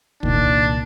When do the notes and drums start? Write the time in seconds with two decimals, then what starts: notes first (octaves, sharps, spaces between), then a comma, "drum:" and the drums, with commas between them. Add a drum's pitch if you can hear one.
0.23 C2 A#2 D#3 D4, drum: kick